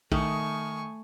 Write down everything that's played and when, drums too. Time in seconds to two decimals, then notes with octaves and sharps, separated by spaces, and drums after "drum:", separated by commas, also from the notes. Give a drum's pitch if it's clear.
0.12 D#3 A3 G#5 C#6 D#6, drum: kick A#1